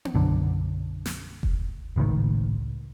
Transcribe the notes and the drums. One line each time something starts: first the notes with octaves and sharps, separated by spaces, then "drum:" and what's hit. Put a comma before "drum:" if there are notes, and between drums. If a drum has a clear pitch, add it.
drum: tom B3
B1 F#2 D3 D4
drum: snare
drum: kick F1
G#1 C#2 A2 D#3